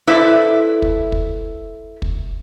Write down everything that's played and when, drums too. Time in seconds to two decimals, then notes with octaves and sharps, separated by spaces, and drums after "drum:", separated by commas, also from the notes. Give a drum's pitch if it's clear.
0.07 E4 A4 B4 C5 D5 E5
0.82 drum: kick
1.12 drum: kick
2.02 drum: kick